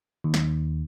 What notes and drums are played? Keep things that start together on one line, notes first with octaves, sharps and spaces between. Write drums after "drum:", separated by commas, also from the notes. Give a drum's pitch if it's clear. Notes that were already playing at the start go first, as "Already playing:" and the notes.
D#2
drum: snare